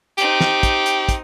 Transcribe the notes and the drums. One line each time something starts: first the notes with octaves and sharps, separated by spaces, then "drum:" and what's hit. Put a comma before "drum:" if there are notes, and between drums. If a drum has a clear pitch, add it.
C4 D#4 G4, drum: hi-hat
drum: snare
drum: kick, hi-hat
drum: hi-hat
drum: kick, hi-hat